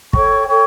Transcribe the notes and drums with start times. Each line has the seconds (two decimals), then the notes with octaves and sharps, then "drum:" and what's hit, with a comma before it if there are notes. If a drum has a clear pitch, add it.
0.13 A4 C#5 G5 C#6, drum: kick
0.47 A4 C#5 G5 C#6